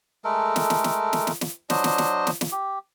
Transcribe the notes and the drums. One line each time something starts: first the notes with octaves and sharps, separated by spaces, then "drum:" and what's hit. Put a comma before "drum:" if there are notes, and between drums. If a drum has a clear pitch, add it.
G#3 A3 A4 A#4
drum: snare
drum: snare
drum: snare
drum: snare
drum: snare
drum: snare
F#3 D4 C5 D#5, drum: snare
drum: snare
drum: snare
drum: snare
drum: snare
G4